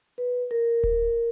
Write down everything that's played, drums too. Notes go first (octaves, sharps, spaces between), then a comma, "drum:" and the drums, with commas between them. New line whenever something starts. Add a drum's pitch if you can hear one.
B4
A#4
drum: kick D1